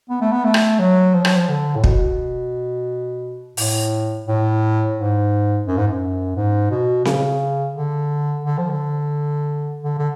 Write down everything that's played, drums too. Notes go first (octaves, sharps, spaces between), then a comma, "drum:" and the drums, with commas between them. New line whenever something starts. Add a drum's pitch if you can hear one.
B3
A3
B3
A3
drum: rim click
F#3
F3
F#3, drum: rim click
F3
D3
A2
B2, drum: kick
A2, drum: open hi-hat
A2
G#2
F#2
G#2
F#2
G#2
B2
C#3, drum: snare C4
D3
D3
F3
D3
D3
D3